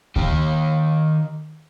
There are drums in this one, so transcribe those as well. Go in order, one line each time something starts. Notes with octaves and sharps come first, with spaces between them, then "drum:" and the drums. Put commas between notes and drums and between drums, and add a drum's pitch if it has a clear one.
D#3 G4, drum: kick D2